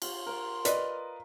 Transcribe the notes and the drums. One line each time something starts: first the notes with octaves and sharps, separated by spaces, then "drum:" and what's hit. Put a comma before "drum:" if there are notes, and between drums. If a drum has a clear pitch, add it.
F4 F5, drum: cymbal
A#4 C5
B4 D5 D#5, drum: hi-hat